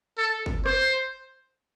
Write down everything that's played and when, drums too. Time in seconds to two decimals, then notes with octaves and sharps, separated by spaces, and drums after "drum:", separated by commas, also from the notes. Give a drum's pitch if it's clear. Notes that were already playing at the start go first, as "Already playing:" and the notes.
0.18 A4
0.46 drum: kick
0.66 C5, drum: rim click